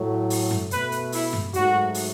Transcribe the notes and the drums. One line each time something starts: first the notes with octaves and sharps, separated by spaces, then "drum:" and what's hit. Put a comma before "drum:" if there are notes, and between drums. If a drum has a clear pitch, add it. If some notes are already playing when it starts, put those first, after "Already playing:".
Already playing: A2 F#3 A3
drum: open hi-hat
drum: tom F#2
B2 A3 B4, drum: hi-hat
drum: hi-hat
E4, drum: open hi-hat
drum: tom F#2
G#2 F#3 A3 F#4, drum: hi-hat
drum: open hi-hat